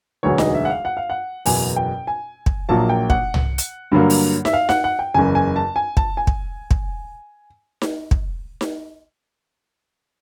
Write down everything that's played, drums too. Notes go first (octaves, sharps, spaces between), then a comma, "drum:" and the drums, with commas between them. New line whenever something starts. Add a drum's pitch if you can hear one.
E1 D2 D3 F#3 B3 C#5
D#5, drum: snare D#4
E5
F#5
F5
F#5
F5
F#5
F#1 E2 B2 G#5, drum: open hi-hat
G5
G#5
drum: kick
A#1 A#2 F#3 A#3 A5
G5
F#5, drum: kick
drum: tom
drum: hi-hat
G2 D3 F#3 A#3
drum: open hi-hat
E5, drum: snare D#4
F5
F#5, drum: snare D#4
F#5
G5
F#1 E2 C#3 G#5
G#5
A5
G#5
A5, drum: kick
G#5
drum: kick
drum: kick
drum: snare D#4
drum: kick
drum: snare D#4